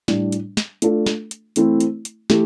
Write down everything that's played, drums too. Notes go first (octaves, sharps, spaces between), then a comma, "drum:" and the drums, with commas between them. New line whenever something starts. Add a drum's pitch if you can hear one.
A2 G3 D4, drum: snare
drum: hi-hat
drum: snare
A3 D4 F4 A4, drum: hi-hat
drum: snare
drum: hi-hat
E3 A3 C4 E4, drum: hi-hat
drum: hi-hat
drum: hi-hat
E3 A3 E4 G4, drum: snare